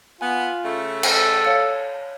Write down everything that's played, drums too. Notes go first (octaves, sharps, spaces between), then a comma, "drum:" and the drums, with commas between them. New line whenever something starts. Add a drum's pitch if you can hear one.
B3 F4 G#5
C#3 A3
A4, drum: cymbal
C#5 F5 C#7